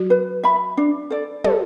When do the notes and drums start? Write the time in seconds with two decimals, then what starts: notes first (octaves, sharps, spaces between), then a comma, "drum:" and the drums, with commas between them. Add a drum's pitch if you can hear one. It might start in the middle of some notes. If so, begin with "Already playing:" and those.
Already playing: F#3 F#4
0.10 B4
0.44 E5 B5
0.77 D4
1.10 A4 D5
1.44 G3 G4 A4, drum: tom